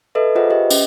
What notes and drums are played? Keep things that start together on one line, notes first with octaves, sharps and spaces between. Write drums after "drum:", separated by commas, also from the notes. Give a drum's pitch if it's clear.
A4 B4 D#5 E5
F4 G#4 C5 D#5 E5 F#5
G4 B4 D#5 E5
C#4, drum: tambourine